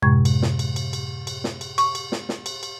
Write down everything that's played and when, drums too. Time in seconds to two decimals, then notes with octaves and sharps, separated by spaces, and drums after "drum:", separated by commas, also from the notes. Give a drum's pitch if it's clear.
0.02 F#2 A2 C3 G#3 C#6 G#6
0.25 drum: cymbal
0.42 drum: snare
0.59 drum: cymbal
0.76 drum: cymbal
0.93 drum: cymbal
1.27 drum: cymbal
1.44 drum: snare
1.61 drum: cymbal
1.78 C#6, drum: cymbal
1.95 drum: cymbal
2.12 drum: snare
2.29 drum: snare
2.46 drum: cymbal
2.63 drum: cymbal